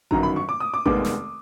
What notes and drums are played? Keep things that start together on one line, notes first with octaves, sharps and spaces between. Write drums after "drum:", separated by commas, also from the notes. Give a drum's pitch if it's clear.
G1 F#2 D#3 F#3 A#5, drum: kick A1
B5
C#6
D6
D#6
D6
F1 D#2 D#3 G#3 B3 D6, drum: kick A1
drum: snare